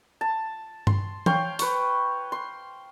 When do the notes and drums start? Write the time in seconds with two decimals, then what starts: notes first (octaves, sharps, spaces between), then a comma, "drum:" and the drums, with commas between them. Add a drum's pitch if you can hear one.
0.21 A5
0.87 C6, drum: tom G2
1.26 C#5 F5 G5 C6, drum: tom E3
1.59 B4 C#6, drum: open hi-hat
2.32 C6